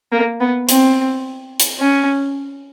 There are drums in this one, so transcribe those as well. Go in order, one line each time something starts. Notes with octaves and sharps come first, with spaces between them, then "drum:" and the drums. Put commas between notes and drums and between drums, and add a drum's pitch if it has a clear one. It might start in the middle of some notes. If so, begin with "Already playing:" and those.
A#3
B3
C4, drum: hi-hat
drum: hi-hat
C#4